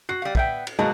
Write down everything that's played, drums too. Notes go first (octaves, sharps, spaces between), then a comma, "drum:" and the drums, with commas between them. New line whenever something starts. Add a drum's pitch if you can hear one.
F#4 C7
G3 F5
B3 E5 G5, drum: kick
drum: cymbal
B2 F#3 G#3 A#3 A5